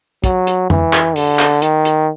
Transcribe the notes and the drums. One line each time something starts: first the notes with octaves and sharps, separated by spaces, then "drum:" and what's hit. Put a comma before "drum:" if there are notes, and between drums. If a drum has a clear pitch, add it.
F#3, drum: kick, hi-hat
drum: hi-hat
E3, drum: tom F2
drum: clap
D3, drum: open hi-hat
drum: clap
D#3, drum: hi-hat
drum: hi-hat